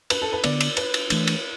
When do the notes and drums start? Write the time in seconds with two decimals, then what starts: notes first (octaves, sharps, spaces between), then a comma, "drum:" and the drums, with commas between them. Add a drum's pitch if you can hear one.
0.10 B4, drum: cymbal
0.22 A4
0.33 B4
0.44 D3 B3 D4 D5, drum: cymbal
0.60 drum: cymbal
0.77 B4, drum: cymbal
0.94 drum: cymbal
1.10 E3 A3 D4, drum: cymbal
1.27 drum: cymbal